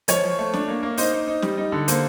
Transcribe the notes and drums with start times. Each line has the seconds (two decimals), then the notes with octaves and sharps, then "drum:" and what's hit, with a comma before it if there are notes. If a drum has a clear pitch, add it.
0.08 F3 C#5, drum: hi-hat
0.24 F3
0.39 A3
0.54 D4, drum: snare
0.68 A#3
0.83 A#3
0.97 D#4 C5, drum: open hi-hat
1.13 D#4
1.28 D#4
1.42 G3, drum: snare
1.57 D#4
1.72 D3
1.88 A#3 C5, drum: hi-hat